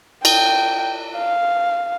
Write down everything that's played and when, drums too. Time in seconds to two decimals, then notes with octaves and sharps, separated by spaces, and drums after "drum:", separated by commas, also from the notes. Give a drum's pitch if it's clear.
0.25 G5, drum: cymbal
1.18 F5